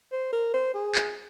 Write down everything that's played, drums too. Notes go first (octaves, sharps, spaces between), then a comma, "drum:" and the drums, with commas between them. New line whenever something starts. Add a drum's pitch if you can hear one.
C5
A#4
C5
G#4
drum: clap